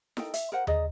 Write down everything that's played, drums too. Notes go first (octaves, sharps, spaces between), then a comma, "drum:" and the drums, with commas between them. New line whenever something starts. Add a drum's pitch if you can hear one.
D#4 A4 A#4 G5, drum: snare E4
E5, drum: hi-hat
A#4 C5 F#5
G#4 D5 D#5 A#5, drum: tom D#2